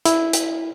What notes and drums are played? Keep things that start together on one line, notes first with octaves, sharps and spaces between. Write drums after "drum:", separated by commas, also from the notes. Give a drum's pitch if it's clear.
E4, drum: hi-hat
drum: hi-hat